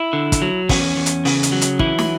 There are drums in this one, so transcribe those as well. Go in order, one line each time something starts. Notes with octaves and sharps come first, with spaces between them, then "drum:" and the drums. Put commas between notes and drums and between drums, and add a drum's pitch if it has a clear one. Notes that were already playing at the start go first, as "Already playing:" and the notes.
Already playing: E4
D3
drum: kick, hi-hat
F#3
E2 C#4, drum: kick, open hi-hat
E2
drum: hi-hat
C#3, drum: open hi-hat
drum: hi-hat
F#3
drum: hi-hat
E3 E4, drum: kick
drum: snare